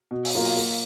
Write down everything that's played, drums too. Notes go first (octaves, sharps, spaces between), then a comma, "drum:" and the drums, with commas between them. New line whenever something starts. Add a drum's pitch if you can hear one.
B2
drum: open hi-hat
F#3 A#3 F4 A#4
drum: open hi-hat
A#3